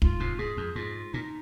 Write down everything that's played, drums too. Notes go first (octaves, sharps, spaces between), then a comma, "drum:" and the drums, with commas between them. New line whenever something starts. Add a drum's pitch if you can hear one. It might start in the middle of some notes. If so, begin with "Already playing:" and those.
G#2 F4, drum: kick
G#2 C3
G#2 G#4
F2
G#2 F4
A#2 D#4